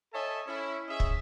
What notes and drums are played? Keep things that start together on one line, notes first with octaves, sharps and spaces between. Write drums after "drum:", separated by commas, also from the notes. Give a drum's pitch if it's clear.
A4 C#5 D#5 E5 G#5 A5
C#4 E4
C#4 G#4 D#5 E5
drum: kick